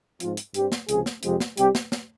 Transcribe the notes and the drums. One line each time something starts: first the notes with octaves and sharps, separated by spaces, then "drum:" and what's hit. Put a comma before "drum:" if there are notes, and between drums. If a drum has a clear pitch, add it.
G#2 F3 C4 F4, drum: hi-hat
drum: hi-hat
G2 G3 C4 G4, drum: hi-hat
drum: snare
C#2 C3 F3 G#4, drum: hi-hat
drum: snare
F2 C3 F3 G#3 C4 G4, drum: hi-hat
drum: snare
C2 C3 G3 G4, drum: hi-hat
drum: snare
drum: snare